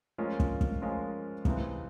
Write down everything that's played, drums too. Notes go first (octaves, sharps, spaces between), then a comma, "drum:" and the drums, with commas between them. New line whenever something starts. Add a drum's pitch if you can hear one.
F3 G#3 C#4 F4 A#4
drum: kick
drum: kick
F3 G#3 C#4 F4 A#4
C#2 C3 E3 G#3, drum: kick